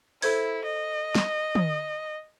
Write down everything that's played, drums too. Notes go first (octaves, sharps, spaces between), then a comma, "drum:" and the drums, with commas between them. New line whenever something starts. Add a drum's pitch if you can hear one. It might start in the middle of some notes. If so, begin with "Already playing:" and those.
E4 A4 C5 G#6, drum: open hi-hat
D#5
drum: snare
D#6, drum: tom